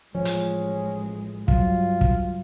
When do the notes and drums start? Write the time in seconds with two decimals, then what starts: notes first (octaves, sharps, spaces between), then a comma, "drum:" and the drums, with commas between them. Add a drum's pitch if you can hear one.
0.15 A1 F3 G#3 C#4
0.25 drum: hi-hat
1.48 G2 F#3 F4, drum: kick
2.01 drum: kick